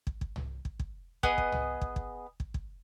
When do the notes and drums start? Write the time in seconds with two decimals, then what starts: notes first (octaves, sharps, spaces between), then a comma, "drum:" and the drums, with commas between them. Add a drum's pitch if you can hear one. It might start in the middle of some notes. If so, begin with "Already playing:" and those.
0.07 drum: kick
0.21 drum: kick
0.36 drum: tom C2
0.65 drum: kick
0.80 drum: kick
1.23 B3 G#4 D#5, drum: kick
1.38 drum: kick
1.52 drum: tom C2
1.81 drum: kick
1.96 drum: kick
2.40 drum: kick
2.54 drum: kick